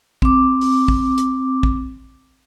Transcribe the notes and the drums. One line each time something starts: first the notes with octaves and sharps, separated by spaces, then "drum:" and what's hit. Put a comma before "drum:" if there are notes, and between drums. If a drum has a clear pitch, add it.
C4 D6, drum: kick
drum: open hi-hat
drum: kick
drum: hi-hat
drum: kick